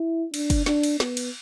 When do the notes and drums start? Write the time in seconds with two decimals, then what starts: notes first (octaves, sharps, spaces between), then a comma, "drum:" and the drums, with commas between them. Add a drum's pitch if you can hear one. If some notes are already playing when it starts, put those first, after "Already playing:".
Already playing: E4
0.34 D4, drum: cymbal
0.50 drum: kick, cymbal
0.66 D4, drum: snare
0.83 drum: cymbal
1.00 B3, drum: snare
1.17 drum: cymbal